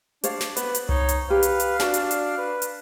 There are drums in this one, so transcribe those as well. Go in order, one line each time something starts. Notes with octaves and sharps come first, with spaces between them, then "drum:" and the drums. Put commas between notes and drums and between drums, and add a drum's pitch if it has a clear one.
D4 C5 C#5 F5, drum: hi-hat
drum: snare
B3 B4 C5, drum: hi-hat
drum: hi-hat
D#4 C#5, drum: tom C2
drum: hi-hat
G4 B4 F5
drum: hi-hat
drum: hi-hat
D4 F#4 D5 A5, drum: snare
drum: hi-hat
drum: hi-hat
B4
drum: hi-hat